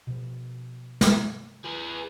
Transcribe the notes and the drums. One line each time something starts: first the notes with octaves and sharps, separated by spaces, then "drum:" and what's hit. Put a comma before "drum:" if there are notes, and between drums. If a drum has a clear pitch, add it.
B2 F3
drum: snare
G#4 B4